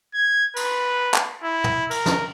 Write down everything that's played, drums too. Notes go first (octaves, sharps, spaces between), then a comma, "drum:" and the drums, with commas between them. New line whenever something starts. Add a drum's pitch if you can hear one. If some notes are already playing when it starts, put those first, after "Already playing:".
G#6
B4, drum: cymbal
drum: clap
E4
drum: tom
A#4, drum: cymbal
drum: snare